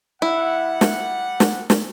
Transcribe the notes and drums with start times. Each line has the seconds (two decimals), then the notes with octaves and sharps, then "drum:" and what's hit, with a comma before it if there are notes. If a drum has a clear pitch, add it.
0.22 G3 E4 F#5
0.81 drum: snare
1.40 drum: snare
1.70 drum: snare